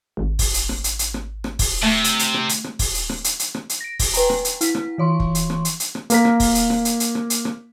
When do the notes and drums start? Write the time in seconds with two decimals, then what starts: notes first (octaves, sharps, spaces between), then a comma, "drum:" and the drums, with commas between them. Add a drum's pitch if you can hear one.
0.17 G#1
0.39 drum: kick, open hi-hat
0.54 drum: hi-hat
0.69 drum: rim click
0.84 drum: hi-hat
0.99 drum: hi-hat
1.14 drum: rim click
1.44 drum: rim click
1.59 drum: kick, open hi-hat
1.83 C3 A3
2.04 drum: hi-hat
2.19 drum: hi-hat
2.34 drum: rim click
2.49 drum: hi-hat
2.64 drum: rim click
2.79 drum: kick, open hi-hat
2.94 drum: hi-hat
3.09 drum: rim click
3.24 drum: hi-hat
3.39 drum: hi-hat
3.54 drum: rim click
3.69 drum: hi-hat
3.81 A#6 D7
4.00 drum: kick, open hi-hat
4.14 B4 G5 G#5 A#5, drum: hi-hat
4.30 drum: rim click
4.45 drum: hi-hat
4.61 E4 B6, drum: hi-hat
4.75 drum: rim click
4.98 E3 C#5 C6 C#6
5.20 drum: kick
5.35 drum: hi-hat
5.50 drum: rim click
5.65 drum: hi-hat
5.80 drum: hi-hat
5.95 drum: rim click
6.10 A#3 A#4 B6, drum: hi-hat
6.25 drum: rim click
6.40 drum: kick, open hi-hat
6.55 drum: hi-hat
6.70 drum: rim click
6.85 drum: hi-hat
7.00 drum: hi-hat
7.15 drum: rim click
7.30 drum: hi-hat
7.45 drum: rim click